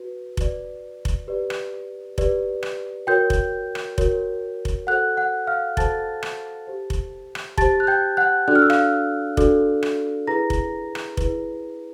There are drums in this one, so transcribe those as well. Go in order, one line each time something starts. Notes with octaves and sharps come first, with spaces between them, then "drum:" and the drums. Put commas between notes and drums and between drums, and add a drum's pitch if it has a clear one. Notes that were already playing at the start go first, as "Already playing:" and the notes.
Already playing: F#4 B4
F#4 B4 D5, drum: kick F1
drum: kick F1
G4 B4 D5
drum: rim click
G4 B4 D5, drum: kick F1
drum: rim click
F#4 A#4 C#5 G5 G6
drum: kick F1
drum: rim click
F#4 A#4 C#5, drum: kick F1
drum: kick F1
F#4 A4 C5 F#5 F#6
F#5 F#6
F5 F6
F#4 A4 C5 A5 A6, drum: kick F1
drum: rim click
G4 C5
drum: kick F1
drum: rim click
G4 C5 A5 A6, drum: kick F1
F#6
G5 G6
F#5 F#6
D4 F#4 A4 D5 F#6
F6
E6
F5 F6, drum: rim click
D4 F#4 A4 D5, drum: kick F1
drum: rim click
E4 G#4 B4 A#5 A#6
drum: kick F1
drum: rim click
E4 G#4 B4, drum: kick F1